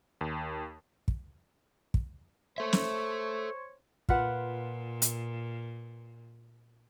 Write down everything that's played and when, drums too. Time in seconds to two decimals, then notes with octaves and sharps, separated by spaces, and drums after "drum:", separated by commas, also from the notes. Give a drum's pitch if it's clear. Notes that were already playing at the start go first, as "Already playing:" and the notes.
0.21 D#2
1.08 drum: kick
1.94 drum: kick
2.58 A4 C5 C#5 E5
2.73 drum: snare
4.09 A#2 F4 B4 F#5, drum: kick
5.02 drum: hi-hat